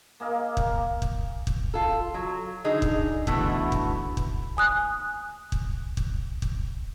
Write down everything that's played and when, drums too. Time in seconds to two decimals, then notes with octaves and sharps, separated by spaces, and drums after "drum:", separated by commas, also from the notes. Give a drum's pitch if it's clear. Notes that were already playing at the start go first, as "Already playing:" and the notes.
0.20 A#3 G#4 D#5 F5
0.57 drum: kick
1.02 drum: kick
1.47 drum: kick
1.74 F4 A4
2.14 F#3
2.65 D3 D#4 G#4
2.82 drum: kick
3.27 B2 D3 E3 A3 B3, drum: kick
3.72 drum: kick
4.17 drum: kick
4.57 G#5 D#6 F#6
5.52 drum: kick
5.97 drum: kick
6.42 drum: kick